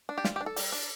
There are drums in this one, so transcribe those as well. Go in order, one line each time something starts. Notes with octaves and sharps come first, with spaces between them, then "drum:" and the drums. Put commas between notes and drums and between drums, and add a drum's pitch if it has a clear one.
D4
G4
G3 F4, drum: snare
G4
D4
A4
G3, drum: open hi-hat
D4